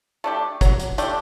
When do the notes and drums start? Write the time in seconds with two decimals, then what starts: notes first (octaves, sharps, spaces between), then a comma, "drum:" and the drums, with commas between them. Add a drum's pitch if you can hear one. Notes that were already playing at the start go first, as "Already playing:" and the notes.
0.24 A3 D4 G4
0.61 F#3, drum: kick G1, hi-hat
0.80 drum: hi-hat
0.98 A3 D4 G4, drum: hi-hat